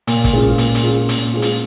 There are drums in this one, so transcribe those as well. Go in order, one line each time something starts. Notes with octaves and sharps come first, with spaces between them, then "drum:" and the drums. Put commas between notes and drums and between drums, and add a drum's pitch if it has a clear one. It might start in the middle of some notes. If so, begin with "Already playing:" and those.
A#2, drum: hi-hat
drum: kick, hi-hat
G#3 C#4 F4
A#2, drum: hi-hat
drum: hi-hat
G#3 C#4 F4
A#2, drum: hi-hat
G#3 C#4 F4
drum: hi-hat